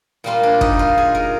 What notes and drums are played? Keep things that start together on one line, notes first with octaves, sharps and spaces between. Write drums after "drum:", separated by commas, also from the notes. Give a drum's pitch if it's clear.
A#2 G3 A#3 F4
D4
D#4, drum: kick
F4
G#4
A#4